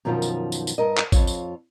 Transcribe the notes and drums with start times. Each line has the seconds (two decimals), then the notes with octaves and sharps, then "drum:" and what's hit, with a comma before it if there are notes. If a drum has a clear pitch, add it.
0.05 F#2 B2 D#3 F3 F4 A5
0.22 drum: tambourine
0.52 drum: tambourine
0.67 drum: tambourine
0.78 G2 A#4 D#5
0.97 drum: clap
1.12 F2 F4 C#5, drum: kick, tambourine
1.27 drum: tambourine